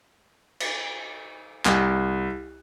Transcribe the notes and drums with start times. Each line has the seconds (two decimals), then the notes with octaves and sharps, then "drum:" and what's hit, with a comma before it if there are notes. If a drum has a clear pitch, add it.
0.60 drum: cymbal
1.65 C2, drum: clap